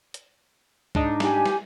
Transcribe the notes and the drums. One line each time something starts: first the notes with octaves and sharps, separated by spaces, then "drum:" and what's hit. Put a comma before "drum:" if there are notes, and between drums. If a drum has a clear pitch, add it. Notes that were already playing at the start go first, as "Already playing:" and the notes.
drum: hi-hat
G#2 D4 D#4, drum: kick C2
G4 G#5, drum: snare
drum: snare